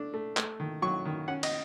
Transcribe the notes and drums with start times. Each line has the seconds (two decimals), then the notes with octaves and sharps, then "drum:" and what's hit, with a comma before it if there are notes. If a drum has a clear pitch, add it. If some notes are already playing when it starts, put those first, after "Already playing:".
Already playing: A3 D4
0.14 A3
0.37 A3, drum: clap
0.60 D#3
0.82 F#3 C#6
1.05 D#3
1.28 C#4 F#5
1.43 D#5, drum: cymbal